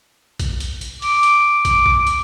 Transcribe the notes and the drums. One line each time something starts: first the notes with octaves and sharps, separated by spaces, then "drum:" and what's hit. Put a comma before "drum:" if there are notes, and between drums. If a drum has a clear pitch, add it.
drum: kick, hi-hat
drum: hi-hat
drum: hi-hat
D6, drum: open hi-hat
drum: hi-hat
drum: kick, hi-hat
drum: kick
drum: hi-hat